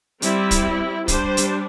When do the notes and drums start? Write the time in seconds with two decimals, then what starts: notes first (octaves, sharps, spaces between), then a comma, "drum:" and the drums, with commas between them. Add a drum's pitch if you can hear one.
0.22 G3 C4 E4, drum: hi-hat
0.51 drum: kick, hi-hat
1.08 G3 D4 C5, drum: kick, hi-hat
1.37 drum: hi-hat